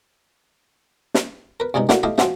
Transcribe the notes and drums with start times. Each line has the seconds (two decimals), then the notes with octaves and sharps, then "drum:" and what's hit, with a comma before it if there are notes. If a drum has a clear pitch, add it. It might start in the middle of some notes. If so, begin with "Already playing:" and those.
1.14 drum: snare
1.60 A#4 B4
1.74 C#2 G2 C3 C#4 D#4
1.89 G3 A3 A#3 E4 F#4, drum: snare
2.03 A3 E4 G4 D#5 F5
2.18 F3 C4 C#4 F#4 E5, drum: snare